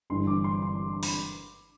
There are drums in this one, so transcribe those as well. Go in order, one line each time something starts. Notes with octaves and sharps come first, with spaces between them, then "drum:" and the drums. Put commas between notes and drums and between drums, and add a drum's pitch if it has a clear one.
G1 G2 E3 C6
D6
C6
C6
C6
B5, drum: open hi-hat